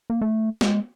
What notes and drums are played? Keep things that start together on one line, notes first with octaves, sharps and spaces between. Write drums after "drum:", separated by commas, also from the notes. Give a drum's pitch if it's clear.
A#3
A3
G#3, drum: snare